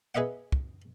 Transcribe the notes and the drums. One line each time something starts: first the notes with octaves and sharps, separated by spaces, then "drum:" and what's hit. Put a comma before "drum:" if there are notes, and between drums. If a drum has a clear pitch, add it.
G#4 B4 D#5 E5 F#5
drum: kick